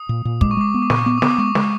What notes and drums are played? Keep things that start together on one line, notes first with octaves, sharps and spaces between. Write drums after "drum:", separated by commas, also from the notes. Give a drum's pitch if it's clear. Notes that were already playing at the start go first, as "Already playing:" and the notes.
Already playing: D#6
A#2
A#2
G#3 D6, drum: kick
C#6
G#3 D6
B3
D6
A#2 C#6, drum: snare
B3 D6
D#6
B3 D6, drum: snare
G#3 C#6
G#3, drum: snare